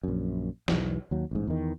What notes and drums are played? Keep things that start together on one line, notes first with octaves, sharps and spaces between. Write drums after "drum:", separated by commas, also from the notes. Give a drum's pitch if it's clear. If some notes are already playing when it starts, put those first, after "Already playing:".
A#1 F#2
B1 E2, drum: snare
D#2 F#3
A1 G#2
E2 D#3